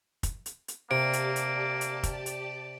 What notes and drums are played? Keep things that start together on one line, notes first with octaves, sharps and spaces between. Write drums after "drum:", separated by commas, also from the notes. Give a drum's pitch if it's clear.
drum: kick, hi-hat
drum: hi-hat
drum: hi-hat
C3 A#3 G4 D5 A5 D7
drum: hi-hat
drum: hi-hat
drum: hi-hat
drum: kick, hi-hat
drum: hi-hat